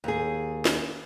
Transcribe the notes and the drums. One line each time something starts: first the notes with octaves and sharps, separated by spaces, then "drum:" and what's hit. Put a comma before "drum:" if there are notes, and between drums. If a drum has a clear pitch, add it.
D#2 G#4
drum: snare